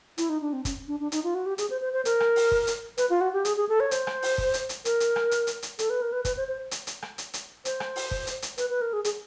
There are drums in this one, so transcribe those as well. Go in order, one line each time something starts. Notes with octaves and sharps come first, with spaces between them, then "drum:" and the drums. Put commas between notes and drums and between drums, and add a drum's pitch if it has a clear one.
E4, drum: hi-hat
D#4
D4
C4
C#4, drum: kick, hi-hat
D4
D4
D#4, drum: hi-hat
F4
F#4
G4
G#4, drum: hi-hat
C5
C5
C5
A#4, drum: hi-hat
drum: rim click
drum: open hi-hat
drum: kick
drum: hi-hat
B4, drum: hi-hat
F4
F#4
G4
G#4, drum: hi-hat
G#4
A4
C#5
C5, drum: hi-hat
drum: rim click
drum: open hi-hat
drum: kick
drum: hi-hat
drum: hi-hat
A#4, drum: hi-hat
drum: hi-hat
drum: rim click
drum: hi-hat
drum: hi-hat
drum: hi-hat
A4, drum: hi-hat
B4
A#4
B4
B4, drum: kick, hi-hat
C5
C5
drum: hi-hat
drum: hi-hat
drum: rim click
drum: hi-hat
drum: hi-hat
C5, drum: hi-hat
drum: rim click
drum: open hi-hat
drum: kick
drum: hi-hat
drum: hi-hat
B4, drum: hi-hat
B4
A#4
G#4
G#4, drum: hi-hat